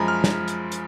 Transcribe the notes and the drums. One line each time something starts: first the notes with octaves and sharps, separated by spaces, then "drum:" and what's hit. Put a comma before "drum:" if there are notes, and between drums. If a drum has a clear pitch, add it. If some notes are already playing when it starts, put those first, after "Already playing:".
Already playing: F#2 F3 G#3 G#5 A#5 B5
F6
drum: snare
drum: hi-hat
drum: hi-hat